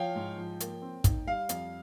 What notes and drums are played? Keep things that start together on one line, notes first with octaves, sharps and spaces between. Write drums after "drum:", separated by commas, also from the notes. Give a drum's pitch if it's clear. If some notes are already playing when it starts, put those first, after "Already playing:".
Already playing: F3 C#5 F5 G5
G#2
F3
A#3, drum: hi-hat
C4
D#4, drum: kick, hi-hat
G3 F5
F2, drum: hi-hat